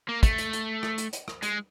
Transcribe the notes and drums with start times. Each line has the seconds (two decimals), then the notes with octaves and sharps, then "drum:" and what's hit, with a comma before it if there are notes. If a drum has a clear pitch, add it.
0.08 A#3
0.23 A3, drum: kick, hi-hat
0.38 drum: hi-hat
0.53 drum: hi-hat
0.83 drum: rim click
0.98 drum: hi-hat
1.13 drum: hi-hat
1.28 drum: rim click
1.43 G#3, drum: hi-hat